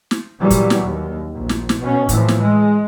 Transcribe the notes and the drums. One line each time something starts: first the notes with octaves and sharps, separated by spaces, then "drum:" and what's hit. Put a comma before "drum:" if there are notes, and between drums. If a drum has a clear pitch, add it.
drum: snare
A#2 E3 F#3 G3
drum: kick, hi-hat
drum: snare
D#2
A#1
drum: snare
drum: snare
B2 C#4
A2 E3 F3, drum: kick, hi-hat
drum: snare
G#3